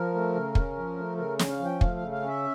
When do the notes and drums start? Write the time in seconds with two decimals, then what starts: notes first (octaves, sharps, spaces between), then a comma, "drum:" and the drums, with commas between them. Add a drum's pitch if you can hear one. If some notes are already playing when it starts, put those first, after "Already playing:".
Already playing: F3 A#4
0.14 A3
0.35 C#3
0.55 C#4, drum: kick
0.77 F3
0.98 A3
1.17 C#3 A#4
1.39 C#4, drum: snare
1.49 F5
1.59 F3
1.65 G5
1.81 A3 F5, drum: kick
1.95 F5
2.01 C#3
2.11 F5
2.22 C#4
2.28 E5